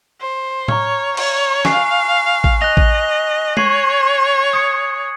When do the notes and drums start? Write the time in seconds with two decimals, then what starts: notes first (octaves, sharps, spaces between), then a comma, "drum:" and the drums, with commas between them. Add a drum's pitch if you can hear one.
0.21 C5
0.68 C#5 A#5 C#6 F6, drum: tom A2
1.17 C#5, drum: cymbal
1.65 F5 G#5 C#6 F#6 C7, drum: snare
2.44 drum: kick A1
2.61 D#5 F#6 A#6 F7
2.77 drum: kick A1
3.57 C#5 C#6 G#6 C7 D#7 F#7, drum: tom G#3
4.53 D#6 G#6 C#7